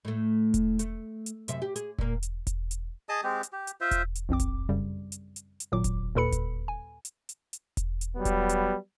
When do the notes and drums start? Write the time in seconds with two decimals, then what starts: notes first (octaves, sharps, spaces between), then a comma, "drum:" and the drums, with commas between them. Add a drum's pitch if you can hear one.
0.05 A2 A3
0.54 drum: kick E1, hi-hat
0.79 A3, drum: hi-hat
1.26 drum: hi-hat
1.48 F#2 C3 E5, drum: hi-hat
1.62 G4
1.76 G#4, drum: hi-hat
1.98 A#2 A#3, drum: kick E1
2.23 drum: hi-hat
2.47 drum: kick E1, hi-hat
2.71 drum: hi-hat
3.09 G#4 D#5 A5 D#6
3.24 G#3 C4 G4
3.43 drum: hi-hat
3.52 G4
3.67 drum: hi-hat
3.81 F4 C5 E5
3.91 drum: kick E1, hi-hat
4.15 drum: hi-hat
4.29 A#1 F2 C4 D6
4.40 drum: kick E1, hi-hat
4.69 F#2 C#3 G3
5.12 drum: hi-hat
5.36 drum: hi-hat
5.60 drum: hi-hat
5.72 G#1 A#2 F#3 D6
5.84 drum: kick E1, hi-hat
6.15 D#2 A#2 A4 B4 B5 C#7
6.32 drum: kick E1, hi-hat
6.68 G#5
7.05 drum: hi-hat
7.29 drum: hi-hat
7.53 drum: hi-hat
7.77 drum: kick E1, hi-hat
8.01 drum: hi-hat
8.16 F#3 G3 B3
8.25 drum: kick E1, hi-hat
8.49 drum: hi-hat